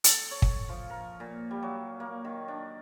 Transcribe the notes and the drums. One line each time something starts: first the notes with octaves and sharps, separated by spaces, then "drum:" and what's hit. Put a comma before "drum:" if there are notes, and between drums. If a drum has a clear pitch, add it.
A4, drum: hi-hat
C#5
drum: kick
F3
A#4
A#2
G3
F#3
A#3
D#3
D4